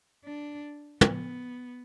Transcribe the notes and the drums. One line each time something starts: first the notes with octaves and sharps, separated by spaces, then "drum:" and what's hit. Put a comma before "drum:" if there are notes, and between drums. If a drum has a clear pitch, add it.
D4
B3, drum: tom